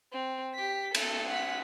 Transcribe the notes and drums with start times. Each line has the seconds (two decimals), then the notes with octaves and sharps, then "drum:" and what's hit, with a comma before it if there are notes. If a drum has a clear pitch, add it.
0.12 C4
0.55 G4 B6
0.95 A4, drum: cymbal
1.30 F#5 B6